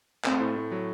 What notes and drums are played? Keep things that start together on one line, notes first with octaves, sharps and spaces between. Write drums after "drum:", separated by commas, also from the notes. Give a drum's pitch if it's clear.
A3 C4, drum: clap
A2
A2
F#3